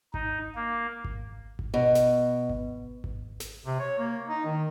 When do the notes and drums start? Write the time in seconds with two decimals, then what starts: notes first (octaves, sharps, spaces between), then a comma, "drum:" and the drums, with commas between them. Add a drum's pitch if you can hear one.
0.14 D#4, drum: kick G#1
0.55 A#3
1.05 drum: kick G#1
1.59 drum: kick G#1
1.74 B2
1.95 drum: snare
2.50 drum: kick G#1
3.04 drum: kick G#1
3.40 drum: snare
3.66 C3
3.79 C#5
3.99 A#3
4.27 D#4
4.45 D#3